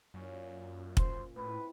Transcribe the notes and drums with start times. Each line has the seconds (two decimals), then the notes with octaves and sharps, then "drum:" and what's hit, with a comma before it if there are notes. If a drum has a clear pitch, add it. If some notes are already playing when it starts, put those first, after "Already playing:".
0.14 F#2 A#2 C#4
0.97 C5, drum: kick
1.36 A2 C4 E4 B4